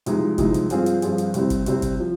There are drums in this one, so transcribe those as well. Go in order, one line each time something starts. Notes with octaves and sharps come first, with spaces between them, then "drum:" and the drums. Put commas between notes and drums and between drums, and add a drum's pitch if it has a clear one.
C2 C3 F3 G#3 D#4, drum: hi-hat
C2 C3 F3 G#3 D#4, drum: kick, hi-hat
drum: hi-hat
G2 F3 C4 F4 G#4, drum: hi-hat
drum: hi-hat
G2 F3 C4 F4 G#4, drum: hi-hat
drum: hi-hat
C2 C3 G3 C4, drum: hi-hat
drum: kick, hi-hat
C2 C3 G3 C4, drum: hi-hat
drum: kick, hi-hat
F3